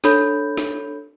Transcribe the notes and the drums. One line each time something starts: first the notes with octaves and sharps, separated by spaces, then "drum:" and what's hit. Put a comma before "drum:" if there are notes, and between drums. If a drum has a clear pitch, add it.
D4 A4 C#5 B5 G6, drum: snare
drum: snare